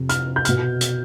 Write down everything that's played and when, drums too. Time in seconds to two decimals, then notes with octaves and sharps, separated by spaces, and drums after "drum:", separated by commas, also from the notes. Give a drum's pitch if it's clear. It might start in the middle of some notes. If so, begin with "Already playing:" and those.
Already playing: F2 C3
0.09 F6, drum: hi-hat
0.36 G6
0.45 F6, drum: hi-hat
0.49 B2
0.81 drum: hi-hat